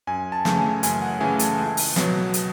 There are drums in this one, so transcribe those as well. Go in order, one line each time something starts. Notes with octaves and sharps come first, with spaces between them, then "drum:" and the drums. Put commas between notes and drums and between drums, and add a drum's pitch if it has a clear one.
F#2 G#5
A5
C#3 E3 A3, drum: snare
G#5
F#2 G#5, drum: hi-hat
F#5
C#3 E3 A3 G#5
A5, drum: hi-hat
C#2
drum: open hi-hat
B2 F#3 B3, drum: snare
drum: hi-hat